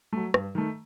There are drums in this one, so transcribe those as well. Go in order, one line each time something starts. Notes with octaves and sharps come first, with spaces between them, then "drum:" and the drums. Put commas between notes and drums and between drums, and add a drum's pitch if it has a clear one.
F#3 A3
G2, drum: rim click
D#3 A3